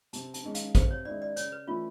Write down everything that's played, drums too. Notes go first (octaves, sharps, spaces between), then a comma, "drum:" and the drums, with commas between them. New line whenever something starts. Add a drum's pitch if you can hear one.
C3 A5, drum: hi-hat
A5, drum: hi-hat
D#3 G#3 C#4
F5, drum: hi-hat
C3 C5, drum: kick, hi-hat
C#5
D#3 G#3 C#4 E4 D5
D5
C#3 C#5, drum: hi-hat
B4
E3 A3 C#4 E4 F4